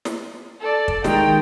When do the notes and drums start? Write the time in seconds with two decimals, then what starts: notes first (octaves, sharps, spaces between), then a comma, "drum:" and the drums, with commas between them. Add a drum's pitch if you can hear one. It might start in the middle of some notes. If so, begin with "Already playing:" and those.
0.05 drum: snare
0.61 A4 D5
0.88 drum: kick
1.04 D#3 G#3 A#4 G5, drum: snare